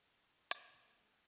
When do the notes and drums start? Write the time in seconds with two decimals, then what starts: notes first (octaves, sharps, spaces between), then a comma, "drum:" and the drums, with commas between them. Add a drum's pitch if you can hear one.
0.35 D#5 C6
0.51 C6, drum: hi-hat
0.73 G#1 B2 E3
0.85 A3
1.01 G#3 A4
1.12 F#5 G5 E6